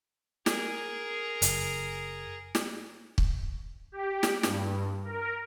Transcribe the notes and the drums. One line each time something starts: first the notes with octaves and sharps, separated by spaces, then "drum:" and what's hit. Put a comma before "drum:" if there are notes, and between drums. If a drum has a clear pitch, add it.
G#4 A#4, drum: snare
F#1, drum: hi-hat
drum: snare
drum: kick
G4
drum: snare
G2, drum: snare
A#4